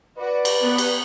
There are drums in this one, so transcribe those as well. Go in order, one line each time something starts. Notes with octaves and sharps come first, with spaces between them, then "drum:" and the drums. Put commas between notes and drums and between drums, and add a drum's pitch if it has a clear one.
F#4 B4 D5
drum: cymbal
B3
drum: cymbal